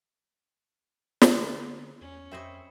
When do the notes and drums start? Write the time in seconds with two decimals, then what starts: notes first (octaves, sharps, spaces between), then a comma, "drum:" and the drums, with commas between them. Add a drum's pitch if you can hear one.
1.22 D3, drum: snare
2.01 E2 C#4
2.31 F2 C4 C5 D#5 E5 B5 C#6